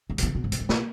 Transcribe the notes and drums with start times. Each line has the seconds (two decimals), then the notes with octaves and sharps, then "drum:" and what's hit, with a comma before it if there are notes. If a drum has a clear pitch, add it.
0.10 G#2
0.18 B2, drum: hi-hat
0.23 E3
0.26 C#3
0.35 B2
0.44 G#2
0.52 B2, drum: hi-hat
0.61 G#2
0.69 B2, drum: snare